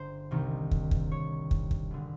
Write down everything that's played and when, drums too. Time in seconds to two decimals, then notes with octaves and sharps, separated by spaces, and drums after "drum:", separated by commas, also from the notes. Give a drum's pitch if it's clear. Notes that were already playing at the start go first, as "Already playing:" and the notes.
Already playing: G1 D3 C5
0.31 C2 C3 D#3
0.71 drum: kick
0.91 drum: kick
1.11 C#5
1.51 drum: kick
1.71 drum: kick
1.91 G#1 D3